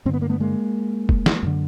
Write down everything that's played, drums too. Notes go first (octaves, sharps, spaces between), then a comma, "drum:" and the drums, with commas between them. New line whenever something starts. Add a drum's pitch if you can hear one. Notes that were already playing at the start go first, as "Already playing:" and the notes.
G2 D3 C4
B3
A#3
A3 B3
G#3 A#3
drum: kick
drum: snare
F#2 D3